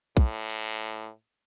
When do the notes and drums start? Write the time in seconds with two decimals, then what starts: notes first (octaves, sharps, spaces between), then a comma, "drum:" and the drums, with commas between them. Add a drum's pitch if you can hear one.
0.17 A2, drum: kick
0.50 drum: hi-hat